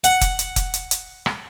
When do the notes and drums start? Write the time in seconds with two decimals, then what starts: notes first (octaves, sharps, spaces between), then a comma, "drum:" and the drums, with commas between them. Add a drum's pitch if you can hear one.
0.04 F#5, drum: hi-hat
0.21 drum: kick F1, hi-hat
0.39 drum: hi-hat
0.56 drum: kick F1, hi-hat
0.74 drum: hi-hat
0.91 drum: hi-hat
1.26 drum: rim click